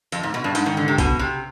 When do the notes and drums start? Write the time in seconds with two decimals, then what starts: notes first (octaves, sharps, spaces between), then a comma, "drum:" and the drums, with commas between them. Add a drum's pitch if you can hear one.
0.12 F2, drum: hi-hat
0.23 G#2
0.34 B2
0.44 G2
0.55 G#2, drum: hi-hat
0.66 D#3
0.77 D3
0.88 C3
0.98 B2, drum: kick A#1, hi-hat
1.19 C3